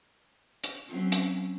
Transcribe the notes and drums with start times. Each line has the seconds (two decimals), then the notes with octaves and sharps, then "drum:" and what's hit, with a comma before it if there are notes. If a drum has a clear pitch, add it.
0.64 drum: hi-hat
0.88 F#3 C4 C#4
1.12 drum: hi-hat